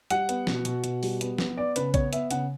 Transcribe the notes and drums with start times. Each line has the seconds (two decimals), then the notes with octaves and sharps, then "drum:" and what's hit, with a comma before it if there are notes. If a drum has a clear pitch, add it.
0.10 G3 F#5, drum: hi-hat
0.29 B3, drum: hi-hat
0.47 B2, drum: snare
0.65 B2, drum: hi-hat
0.84 B2, drum: hi-hat
1.03 G3, drum: open hi-hat
1.21 B3, drum: hi-hat
1.38 B3, drum: snare
1.57 B3 D5
1.76 C#3 B4, drum: hi-hat
1.94 B3 C#5, drum: kick, hi-hat
2.13 B3 E5, drum: hi-hat
2.31 C#3 F#5, drum: hi-hat